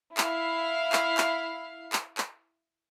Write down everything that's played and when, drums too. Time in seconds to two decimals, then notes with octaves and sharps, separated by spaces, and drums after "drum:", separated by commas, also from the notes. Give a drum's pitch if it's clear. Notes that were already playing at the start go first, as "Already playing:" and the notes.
0.17 E4 F5, drum: clap
0.92 drum: clap
1.17 drum: clap
1.93 drum: clap
2.18 drum: clap